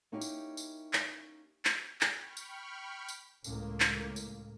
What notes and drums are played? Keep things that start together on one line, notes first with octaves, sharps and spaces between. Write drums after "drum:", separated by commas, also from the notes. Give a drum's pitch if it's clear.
A#3 C#4 D#4 E4 G4
drum: tambourine
drum: tambourine
drum: clap
drum: clap
drum: clap
G5 B5 C#6 F6
drum: tambourine
drum: tambourine
C#2 A2 A#3, drum: tambourine
drum: clap
drum: tambourine